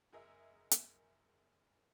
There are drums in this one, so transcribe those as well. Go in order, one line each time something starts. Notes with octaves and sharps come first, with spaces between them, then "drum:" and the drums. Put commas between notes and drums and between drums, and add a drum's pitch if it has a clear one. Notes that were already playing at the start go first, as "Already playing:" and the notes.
F#1 G#4 A#4 D#5 E5
drum: hi-hat